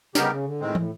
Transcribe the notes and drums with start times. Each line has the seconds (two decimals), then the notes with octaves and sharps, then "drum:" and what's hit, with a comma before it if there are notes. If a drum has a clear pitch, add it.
0.15 C#3 G3 B3 D#4 G4 A#4, drum: snare
0.29 C#3
0.45 D3
0.61 A2 D#3 G#3 C4
0.75 A2, drum: tom